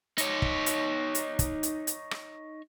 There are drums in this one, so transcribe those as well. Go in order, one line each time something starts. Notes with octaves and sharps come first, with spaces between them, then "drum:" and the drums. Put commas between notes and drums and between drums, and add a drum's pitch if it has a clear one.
D#4 C#5, drum: hi-hat
drum: kick
drum: hi-hat
drum: hi-hat
drum: kick, hi-hat
drum: hi-hat
drum: hi-hat
drum: rim click